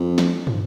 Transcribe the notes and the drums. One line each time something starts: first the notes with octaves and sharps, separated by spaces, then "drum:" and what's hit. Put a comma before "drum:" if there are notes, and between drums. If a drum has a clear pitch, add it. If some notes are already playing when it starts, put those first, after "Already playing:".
Already playing: F2
drum: snare
drum: tom